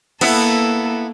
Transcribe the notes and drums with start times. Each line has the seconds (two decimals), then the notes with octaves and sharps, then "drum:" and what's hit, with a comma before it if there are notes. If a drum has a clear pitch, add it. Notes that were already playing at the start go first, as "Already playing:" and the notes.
0.21 A#3 B3 E4 A4, drum: cymbal